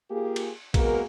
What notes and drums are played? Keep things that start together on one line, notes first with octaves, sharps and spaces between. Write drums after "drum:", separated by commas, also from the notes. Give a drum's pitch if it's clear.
A#3 F4 G4 G#4
drum: cymbal
G#3 A#3 B3 F#4 G#4 A#4, drum: kick, cymbal